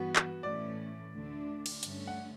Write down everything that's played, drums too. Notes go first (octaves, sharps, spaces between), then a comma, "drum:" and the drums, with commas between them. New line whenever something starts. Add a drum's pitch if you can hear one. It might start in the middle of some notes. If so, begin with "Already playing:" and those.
Already playing: G2 E3 B3 F#4
drum: clap
A2 E3 A3 C#4 D5
D2 D3 A3 D4
drum: cymbal
G2 D3 A3 C#4, drum: hi-hat
F#5